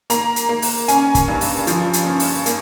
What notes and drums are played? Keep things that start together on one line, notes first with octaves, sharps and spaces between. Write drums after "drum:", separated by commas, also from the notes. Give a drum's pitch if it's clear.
A#3 A#5, drum: hi-hat
drum: hi-hat
A#3
drum: open hi-hat
C#4 G#5, drum: hi-hat
drum: kick, hi-hat
G2
drum: open hi-hat
F3, drum: hi-hat
drum: hi-hat
C#4
drum: open hi-hat
A#3, drum: hi-hat